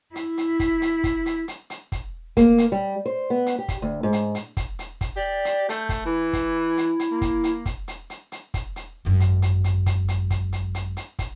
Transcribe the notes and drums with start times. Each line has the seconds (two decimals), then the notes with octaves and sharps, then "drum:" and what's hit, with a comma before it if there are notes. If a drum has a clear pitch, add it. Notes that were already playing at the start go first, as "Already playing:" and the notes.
0.15 E4, drum: hi-hat
0.37 drum: hi-hat
0.60 drum: kick, hi-hat
0.82 drum: hi-hat
1.04 drum: kick, hi-hat
1.26 drum: hi-hat
1.48 drum: hi-hat
1.70 drum: hi-hat
1.92 drum: kick, hi-hat
2.37 A#3, drum: kick, hi-hat
2.58 drum: hi-hat
2.72 G3
3.06 C5
3.30 B3
3.46 drum: hi-hat
3.58 G4
3.68 drum: kick, hi-hat
3.82 D2
4.03 G#2
4.13 drum: hi-hat
4.35 drum: hi-hat
4.57 drum: kick, hi-hat
4.79 drum: hi-hat
5.01 drum: kick, hi-hat
5.16 G4 D5
5.45 drum: hi-hat
5.69 A3 G6, drum: hi-hat
5.89 drum: kick, hi-hat
6.05 E3 E4
6.33 drum: kick, hi-hat
6.77 drum: hi-hat
6.99 drum: hi-hat
7.11 A#3
7.21 drum: kick, hi-hat
7.44 drum: hi-hat
7.66 drum: kick, hi-hat
7.88 drum: hi-hat
8.10 drum: hi-hat
8.32 drum: hi-hat
8.54 drum: kick, hi-hat
8.76 drum: hi-hat
9.05 G#1 F#2
9.20 drum: hi-hat
9.42 drum: hi-hat
9.64 drum: hi-hat
9.86 drum: kick, hi-hat
10.08 drum: hi-hat
10.30 drum: kick, hi-hat
10.52 drum: hi-hat
10.75 drum: hi-hat
10.97 drum: hi-hat
11.19 drum: kick, hi-hat